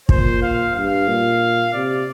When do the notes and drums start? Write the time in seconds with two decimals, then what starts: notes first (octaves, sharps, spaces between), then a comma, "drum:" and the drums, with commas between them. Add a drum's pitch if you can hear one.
0.09 A#2 C5, drum: kick
0.42 F5
0.75 G2 F5
1.08 A#2
1.73 C3 D5